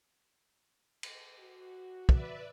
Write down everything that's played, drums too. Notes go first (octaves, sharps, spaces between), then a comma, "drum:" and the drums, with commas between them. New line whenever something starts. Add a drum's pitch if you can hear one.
drum: cymbal
F#4
B4 D5 E5, drum: kick